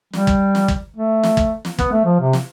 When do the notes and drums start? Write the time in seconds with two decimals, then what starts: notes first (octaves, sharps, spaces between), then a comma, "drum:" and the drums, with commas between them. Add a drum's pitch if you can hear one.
0.13 G3, drum: snare
0.27 drum: kick
0.55 drum: snare
0.68 drum: kick
0.97 A3
1.23 drum: snare
1.37 drum: kick
1.65 drum: snare
1.79 B3, drum: kick
1.92 A3
2.05 F3
2.20 C3
2.33 drum: snare